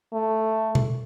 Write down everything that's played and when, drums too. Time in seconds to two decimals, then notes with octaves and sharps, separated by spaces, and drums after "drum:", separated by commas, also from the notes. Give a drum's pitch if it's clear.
0.13 A3
0.75 drum: tom B2